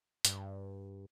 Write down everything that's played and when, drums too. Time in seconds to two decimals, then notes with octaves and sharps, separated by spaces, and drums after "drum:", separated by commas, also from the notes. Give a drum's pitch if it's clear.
0.25 G2, drum: hi-hat